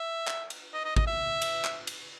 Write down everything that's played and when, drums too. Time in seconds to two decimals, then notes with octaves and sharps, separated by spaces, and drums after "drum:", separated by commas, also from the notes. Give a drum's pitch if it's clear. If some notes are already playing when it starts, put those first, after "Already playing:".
Already playing: E5
0.27 drum: clap
0.50 drum: cymbal
0.74 D#5
0.85 D#5
0.96 D#5, drum: kick
1.07 E5
1.42 drum: cymbal
1.64 drum: clap
1.87 drum: cymbal